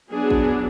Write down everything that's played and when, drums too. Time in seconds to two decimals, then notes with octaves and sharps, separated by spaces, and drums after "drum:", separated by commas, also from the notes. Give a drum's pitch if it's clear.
0.11 F#3 B3 D4 G#4
0.30 drum: kick